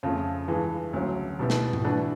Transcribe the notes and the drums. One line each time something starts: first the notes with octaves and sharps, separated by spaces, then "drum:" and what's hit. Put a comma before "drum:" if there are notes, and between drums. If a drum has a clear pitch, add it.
F2 C#3 F3 A3
G2 E3 G#3
D2 C#3 F#3
B2 G3 B3 E4 G4
drum: snare
drum: tom G#2
E3 A3 D4 F#4 B4